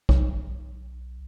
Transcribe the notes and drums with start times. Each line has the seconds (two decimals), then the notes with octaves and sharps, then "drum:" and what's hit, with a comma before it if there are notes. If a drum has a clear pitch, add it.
0.09 B1, drum: kick